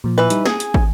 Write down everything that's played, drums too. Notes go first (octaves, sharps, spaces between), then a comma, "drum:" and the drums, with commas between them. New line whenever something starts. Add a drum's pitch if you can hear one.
A#2 F3
E3 B4
G3 D#4, drum: hi-hat
G#4 G#5, drum: snare
drum: hi-hat
drum: kick